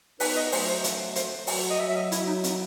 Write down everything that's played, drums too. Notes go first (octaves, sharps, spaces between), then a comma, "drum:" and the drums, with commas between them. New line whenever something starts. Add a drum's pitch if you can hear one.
B3 D#4 B4, drum: open hi-hat
D#5
F#3 A3 C5, drum: open hi-hat
C5
drum: hi-hat
C5, drum: hi-hat
F#3, drum: open hi-hat
D#5
F#3 E5
E5
D#5
E4, drum: hi-hat
D#4
C4, drum: hi-hat